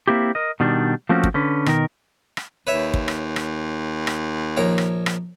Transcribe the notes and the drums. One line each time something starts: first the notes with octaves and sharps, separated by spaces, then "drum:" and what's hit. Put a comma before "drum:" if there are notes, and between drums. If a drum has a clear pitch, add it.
A#3 C4 E4 G4
A#4 D#5
B2 D#3 G3 D4
F3 A3 A#3 C4 C#4 F#4
drum: kick
D3 C#4 B4
B2 D#3 A#4, drum: rim click
drum: rim click
D#2 B4 C#5 E5
drum: kick
drum: rim click
drum: rim click
drum: rim click
A#1 A#4 C#5
drum: rim click
drum: rim click